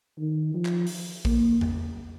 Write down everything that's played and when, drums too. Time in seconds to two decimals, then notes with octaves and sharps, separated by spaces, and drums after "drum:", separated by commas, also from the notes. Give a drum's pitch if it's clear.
0.18 D#3
0.54 F3
0.65 drum: clap
0.87 drum: open hi-hat
1.25 A#3, drum: kick A1
1.61 drum: tom E2